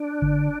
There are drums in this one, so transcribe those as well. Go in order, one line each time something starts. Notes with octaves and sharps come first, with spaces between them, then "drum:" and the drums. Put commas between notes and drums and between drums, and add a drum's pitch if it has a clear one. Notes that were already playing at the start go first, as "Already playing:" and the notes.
Already playing: D4
D3, drum: kick F#1